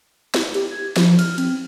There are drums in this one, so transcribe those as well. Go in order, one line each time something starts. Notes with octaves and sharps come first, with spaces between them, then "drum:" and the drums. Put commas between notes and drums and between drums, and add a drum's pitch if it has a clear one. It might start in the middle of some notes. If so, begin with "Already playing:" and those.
drum: snare
G4, drum: cymbal
G#6
F3, drum: snare
F6, drum: cymbal
C4, drum: cymbal